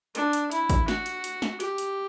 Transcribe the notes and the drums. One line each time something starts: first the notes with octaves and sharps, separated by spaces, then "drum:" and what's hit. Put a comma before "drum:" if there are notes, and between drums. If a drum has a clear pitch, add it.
D4, drum: hi-hat
drum: hi-hat
E4, drum: hi-hat
drum: kick, hi-hat
F#4, drum: snare
drum: hi-hat
drum: hi-hat
drum: snare
G4, drum: hi-hat
drum: hi-hat